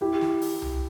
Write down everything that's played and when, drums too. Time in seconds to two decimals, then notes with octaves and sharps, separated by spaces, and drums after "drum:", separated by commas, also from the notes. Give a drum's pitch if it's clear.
0.01 E4 G4
0.21 drum: snare
0.42 drum: open hi-hat
0.62 drum: tom C2